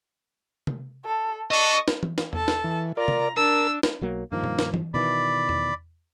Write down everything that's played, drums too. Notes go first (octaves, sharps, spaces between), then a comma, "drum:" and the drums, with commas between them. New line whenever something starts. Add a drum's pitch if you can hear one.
drum: tom C3
A4
D4 A4 D#5 C#6
drum: snare
drum: tom E3
drum: snare
A4 A5, drum: tom E2
drum: snare
E3
F4 A#4 D5 A#5
drum: tom C3
D4 A#4 A5 E6
drum: snare
B1 F#3 A#3
G2 D#3 F3 A#3
drum: tom B2
drum: snare
drum: tom E3
B2 D#3 E3 D5 B5
drum: tom E2